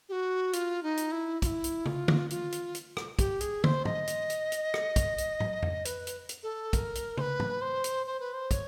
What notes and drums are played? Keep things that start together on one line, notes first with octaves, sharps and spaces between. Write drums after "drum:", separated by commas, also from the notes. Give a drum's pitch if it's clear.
G4
F#4
F4, drum: hi-hat
D#4
drum: hi-hat
E4
F4, drum: kick, hi-hat
E4
drum: hi-hat
F4, drum: tom
drum: tom
F4, drum: hi-hat
drum: hi-hat
drum: hi-hat
drum: rim click
G4, drum: kick, hi-hat
G#4, drum: hi-hat
C5, drum: tom
D#5, drum: tom
drum: hi-hat
drum: hi-hat
drum: hi-hat
drum: rim click
drum: kick, hi-hat
drum: hi-hat
drum: tom
drum: tom F2
B4, drum: hi-hat
drum: hi-hat
drum: hi-hat
A4
A#4, drum: kick, hi-hat
drum: hi-hat
C5, drum: tom
B4
drum: tom
C5
drum: hi-hat
C5
B4
C5
C#5, drum: kick, hi-hat